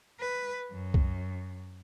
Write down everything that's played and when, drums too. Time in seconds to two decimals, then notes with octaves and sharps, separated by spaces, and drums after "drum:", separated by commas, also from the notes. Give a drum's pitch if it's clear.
0.20 B4
0.71 F#2
0.94 drum: kick C2